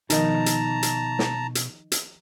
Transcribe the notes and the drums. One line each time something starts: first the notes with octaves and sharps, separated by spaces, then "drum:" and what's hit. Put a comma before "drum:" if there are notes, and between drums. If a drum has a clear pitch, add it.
B2 D#3 F3 D#4 A#4 D#5 A5 A#5, drum: hi-hat
drum: hi-hat
drum: hi-hat
drum: snare
drum: hi-hat
drum: hi-hat